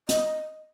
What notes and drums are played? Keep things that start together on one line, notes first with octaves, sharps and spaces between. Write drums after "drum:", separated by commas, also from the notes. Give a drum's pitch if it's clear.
D#5, drum: hi-hat